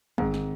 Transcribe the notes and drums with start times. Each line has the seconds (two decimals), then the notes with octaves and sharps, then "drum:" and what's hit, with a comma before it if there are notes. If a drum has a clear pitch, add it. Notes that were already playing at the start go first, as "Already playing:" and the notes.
0.18 G#2 D#3 C4, drum: kick A1
0.34 drum: snare